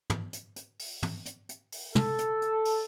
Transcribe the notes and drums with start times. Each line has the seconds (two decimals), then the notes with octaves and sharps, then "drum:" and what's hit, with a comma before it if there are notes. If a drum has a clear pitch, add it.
0.10 drum: tom
0.33 drum: hi-hat
0.56 drum: hi-hat
0.79 drum: open hi-hat
1.03 drum: tom
1.26 drum: hi-hat
1.49 drum: hi-hat
1.72 drum: open hi-hat
1.95 A4, drum: tom
2.19 drum: hi-hat
2.42 drum: hi-hat
2.65 drum: open hi-hat